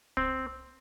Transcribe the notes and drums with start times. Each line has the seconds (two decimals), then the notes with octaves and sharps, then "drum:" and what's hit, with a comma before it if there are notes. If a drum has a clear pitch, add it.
0.17 C4, drum: kick